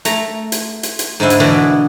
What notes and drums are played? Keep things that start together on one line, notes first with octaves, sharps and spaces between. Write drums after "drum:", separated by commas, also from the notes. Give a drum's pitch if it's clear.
A3 A#5, drum: hi-hat
drum: hi-hat
drum: hi-hat
drum: hi-hat
G#2 D3 G#3 E4 G#5
drum: hi-hat
B2 D3 E3 D4